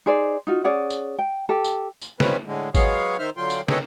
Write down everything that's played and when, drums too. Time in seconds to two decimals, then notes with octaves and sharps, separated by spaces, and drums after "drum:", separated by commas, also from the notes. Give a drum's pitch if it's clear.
0.06 D#4 G#4 C5 D5
0.47 D#4 F4 F#4
0.64 C#4 G#4 D5 F#5
0.90 drum: tambourine
1.19 G5
1.49 G4 A4
1.64 drum: tambourine
2.02 drum: tambourine
2.20 D#3 F3 G3 C4 C#4 B4, drum: snare
2.46 A2 D3 G#3
2.75 F#3 G#3 B3 G#4 C#5 F5, drum: kick G#1, tambourine
3.19 D#3 D#4 C5 E5 F6
3.37 D3 F#3 F4 G5 C6
3.50 drum: tambourine
3.68 G#4 A4 B4 C#5 D#5 G5, drum: snare